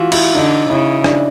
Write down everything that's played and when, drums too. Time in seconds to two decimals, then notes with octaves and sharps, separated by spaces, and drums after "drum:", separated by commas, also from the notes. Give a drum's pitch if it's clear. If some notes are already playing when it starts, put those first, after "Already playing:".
Already playing: E3 F4 F#4
0.12 E4, drum: cymbal
0.35 D3 D#4
0.69 C#3 E4
1.04 D4, drum: rim click